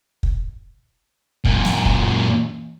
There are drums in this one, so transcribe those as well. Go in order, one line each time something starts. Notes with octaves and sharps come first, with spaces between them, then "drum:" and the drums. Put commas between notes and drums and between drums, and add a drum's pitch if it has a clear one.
drum: kick
F#2 A#2, drum: kick
drum: snare
drum: kick